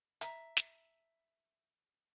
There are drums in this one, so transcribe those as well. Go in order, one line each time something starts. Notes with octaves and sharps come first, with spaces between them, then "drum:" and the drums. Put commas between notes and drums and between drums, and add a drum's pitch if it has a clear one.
E5 A#5, drum: hi-hat
drum: snare